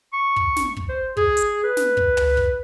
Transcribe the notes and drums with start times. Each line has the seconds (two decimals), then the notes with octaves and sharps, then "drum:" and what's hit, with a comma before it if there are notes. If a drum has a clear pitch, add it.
0.13 C#6
0.36 drum: kick
0.56 drum: snare
0.76 drum: kick
0.89 C5
1.17 G#4, drum: kick
1.37 drum: hi-hat
1.64 B4
1.77 drum: snare
1.97 drum: kick
2.17 drum: tom
2.37 drum: kick